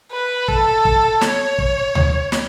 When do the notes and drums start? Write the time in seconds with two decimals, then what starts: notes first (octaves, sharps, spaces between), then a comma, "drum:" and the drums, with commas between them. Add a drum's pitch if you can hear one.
0.12 B4
0.48 A4, drum: kick
0.85 drum: kick
1.21 C#5, drum: snare
1.59 drum: kick
1.95 drum: tom D2
2.32 drum: snare